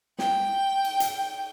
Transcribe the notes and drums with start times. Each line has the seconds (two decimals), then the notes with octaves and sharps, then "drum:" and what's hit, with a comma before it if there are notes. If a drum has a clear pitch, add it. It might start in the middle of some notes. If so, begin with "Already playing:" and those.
0.19 G5, drum: snare
0.84 drum: cymbal
1.00 drum: hi-hat